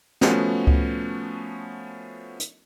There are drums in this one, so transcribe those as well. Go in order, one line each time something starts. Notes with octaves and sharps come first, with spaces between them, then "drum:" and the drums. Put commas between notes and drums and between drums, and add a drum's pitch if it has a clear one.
F3 A3 B3 C#4 F#4, drum: snare
drum: kick C#2
drum: hi-hat